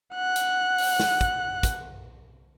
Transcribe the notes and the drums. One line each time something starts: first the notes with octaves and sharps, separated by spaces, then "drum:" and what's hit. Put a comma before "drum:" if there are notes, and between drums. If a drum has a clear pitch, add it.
F#5 F#6
drum: hi-hat
drum: open hi-hat
drum: snare
drum: kick, hi-hat
drum: kick, hi-hat